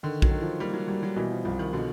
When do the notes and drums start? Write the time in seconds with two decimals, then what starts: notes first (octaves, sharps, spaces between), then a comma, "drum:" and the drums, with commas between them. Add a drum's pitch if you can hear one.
0.03 D3 D#3
0.22 F#3, drum: kick A#1
0.31 D#3
0.41 F3
0.60 G3 A#3
0.73 F#3
0.88 F#3 G3
1.03 F#3
1.16 B2 E3
1.30 F3
1.45 C2 F3
1.59 D#3
1.73 B2 D3